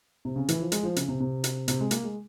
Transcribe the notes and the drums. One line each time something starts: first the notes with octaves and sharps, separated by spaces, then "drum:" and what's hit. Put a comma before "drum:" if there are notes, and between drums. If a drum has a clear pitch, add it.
C3
C#3
E3, drum: hi-hat
F3
G#3, drum: hi-hat
F3
C#3, drum: hi-hat
C3
C3
drum: hi-hat
C3, drum: hi-hat
G#3
A#3, drum: hi-hat
G#3